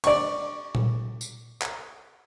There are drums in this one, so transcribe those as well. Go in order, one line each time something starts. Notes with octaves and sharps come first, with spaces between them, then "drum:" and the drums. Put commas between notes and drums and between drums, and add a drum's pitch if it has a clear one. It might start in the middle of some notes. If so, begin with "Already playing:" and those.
D5 C#6, drum: cymbal
drum: tom A#2
drum: tambourine
drum: clap